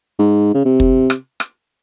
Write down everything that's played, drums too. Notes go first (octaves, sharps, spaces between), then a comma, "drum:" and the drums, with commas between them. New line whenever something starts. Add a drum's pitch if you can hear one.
G#2
C#3
C3
drum: kick
drum: rim click
drum: rim click